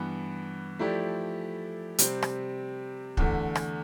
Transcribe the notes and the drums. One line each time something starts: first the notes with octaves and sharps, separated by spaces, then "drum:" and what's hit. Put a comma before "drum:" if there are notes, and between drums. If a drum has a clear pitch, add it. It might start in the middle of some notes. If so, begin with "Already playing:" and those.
Already playing: G2 E3 B3
F3 A3 E4 G4 D5
C3 G3 C4, drum: hi-hat
drum: rim click
E2 D3 A3, drum: kick
drum: rim click